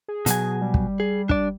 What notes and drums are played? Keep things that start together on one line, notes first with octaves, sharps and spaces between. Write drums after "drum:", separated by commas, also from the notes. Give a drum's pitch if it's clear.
G#4
B2 F#3 G#5, drum: hi-hat
G3
drum: kick
G#4
D4 D5, drum: kick